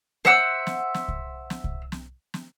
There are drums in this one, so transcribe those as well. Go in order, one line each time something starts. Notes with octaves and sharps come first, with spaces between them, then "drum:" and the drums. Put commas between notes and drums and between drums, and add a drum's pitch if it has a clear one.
C5 E5 F#5 E6, drum: snare
drum: snare
drum: snare
drum: kick C2
drum: snare
drum: kick C2
drum: snare
drum: snare